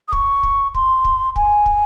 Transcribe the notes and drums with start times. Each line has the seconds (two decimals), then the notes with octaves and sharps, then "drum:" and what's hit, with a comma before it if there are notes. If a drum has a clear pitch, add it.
0.08 D#6
0.12 C#6, drum: kick
0.43 drum: kick
0.74 C6, drum: kick
1.05 drum: kick
1.36 G#5, drum: kick
1.66 drum: kick